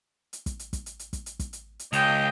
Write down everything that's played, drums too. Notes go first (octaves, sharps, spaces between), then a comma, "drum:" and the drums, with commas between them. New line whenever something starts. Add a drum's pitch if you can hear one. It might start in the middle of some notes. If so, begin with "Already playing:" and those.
drum: hi-hat
drum: kick, hi-hat
drum: hi-hat
drum: kick, hi-hat
drum: hi-hat
drum: hi-hat
drum: kick, hi-hat
drum: hi-hat
drum: kick, hi-hat
drum: hi-hat
drum: hi-hat
C#2 D#5 G5, drum: hi-hat